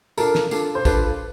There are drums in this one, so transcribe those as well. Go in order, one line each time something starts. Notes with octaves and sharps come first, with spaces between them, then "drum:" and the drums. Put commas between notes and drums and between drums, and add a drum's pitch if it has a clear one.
D4 F4 A4 A#4, drum: tambourine
drum: snare
D4 F4 A4, drum: tambourine
C5
D4 F4 A4 B4, drum: kick, tambourine